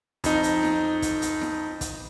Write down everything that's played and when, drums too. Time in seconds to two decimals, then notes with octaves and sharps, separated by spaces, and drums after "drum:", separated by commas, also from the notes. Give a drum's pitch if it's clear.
0.24 F2 D#4, drum: kick, hi-hat
0.43 drum: hi-hat
0.63 drum: snare
1.02 drum: kick, hi-hat
1.22 drum: hi-hat
1.42 drum: snare
1.81 drum: kick, hi-hat